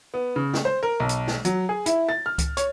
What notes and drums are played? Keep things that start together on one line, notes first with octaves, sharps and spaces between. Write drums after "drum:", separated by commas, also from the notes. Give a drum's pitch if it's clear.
B3
C#3
drum: snare
C5
A#4
B1
drum: hi-hat
drum: snare
F#3, drum: hi-hat
G#4
E4, drum: hi-hat
A6
F6
drum: kick C#2, hi-hat
C#5, drum: hi-hat